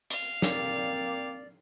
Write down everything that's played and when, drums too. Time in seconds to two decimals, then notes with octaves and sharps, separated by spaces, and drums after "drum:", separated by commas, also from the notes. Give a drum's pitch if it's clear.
0.10 F5, drum: hi-hat
0.42 A#3 C4 D5, drum: snare